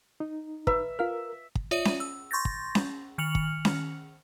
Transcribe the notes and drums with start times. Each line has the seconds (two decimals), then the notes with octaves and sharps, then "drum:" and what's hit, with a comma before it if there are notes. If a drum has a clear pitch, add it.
0.20 D#4
0.67 B4 E5 A#5 B5, drum: kick
0.99 F4 A#4 F5 F6
1.55 drum: kick
1.71 F4 C#5 D5 E5 D#6 D#7
1.85 drum: snare C#4
2.00 E6
2.31 C6 C#6 G6 A6 A#6
2.45 drum: kick
2.75 drum: snare C#4
3.18 D#3 F6 C#7 F7 F#7
3.35 drum: kick
3.65 drum: snare C#4